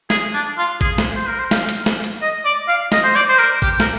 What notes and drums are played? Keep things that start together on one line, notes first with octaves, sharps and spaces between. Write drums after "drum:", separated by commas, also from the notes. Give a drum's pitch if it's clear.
G#4, drum: snare
D4
F4
G#4, drum: kick
drum: snare
C5
A#4
C5
F5, drum: snare
drum: hi-hat
drum: snare
drum: hi-hat
D#5
D5
F5
D#5, drum: snare
C5
D5
C5
A#4
G4, drum: kick
A#4, drum: snare